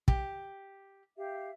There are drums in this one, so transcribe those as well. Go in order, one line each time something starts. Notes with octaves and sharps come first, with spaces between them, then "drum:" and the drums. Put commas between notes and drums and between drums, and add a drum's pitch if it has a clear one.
G4, drum: kick
G4 E5 F5